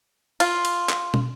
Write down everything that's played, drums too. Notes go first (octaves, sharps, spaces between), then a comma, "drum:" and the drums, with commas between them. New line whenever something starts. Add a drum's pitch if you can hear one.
F4, drum: cymbal
drum: cymbal
drum: clap
drum: tom